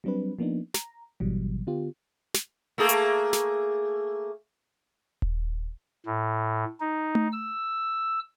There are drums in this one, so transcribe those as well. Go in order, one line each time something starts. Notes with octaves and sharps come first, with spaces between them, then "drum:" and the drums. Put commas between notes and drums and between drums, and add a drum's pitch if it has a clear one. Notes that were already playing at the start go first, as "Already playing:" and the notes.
F#3 G3 C4 D4 B4
F3 A#3 B3 D4 D#4
A#5, drum: snare
G#1 B2 E3 F#3 G3
D3 B3 F4 G4
drum: snare
A3 A#3 G#4
drum: hi-hat
drum: snare
drum: kick D#1
A2
D#4
drum: tom A3
E6